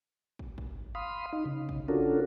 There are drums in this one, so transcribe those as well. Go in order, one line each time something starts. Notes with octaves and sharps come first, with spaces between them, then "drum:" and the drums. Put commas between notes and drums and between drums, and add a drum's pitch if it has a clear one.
drum: kick
drum: kick
F5 B5 C6 D#6
D#4
C#3
drum: kick
C#4 D4 F4 F#4 A4 A#4